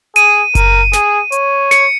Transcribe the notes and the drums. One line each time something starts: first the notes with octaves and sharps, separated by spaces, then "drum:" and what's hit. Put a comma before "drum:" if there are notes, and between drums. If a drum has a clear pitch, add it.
G#4 D#7, drum: hi-hat
A#4, drum: kick F#1, hi-hat
G#4 D#7, drum: snare
C#5, drum: hi-hat
C#7, drum: snare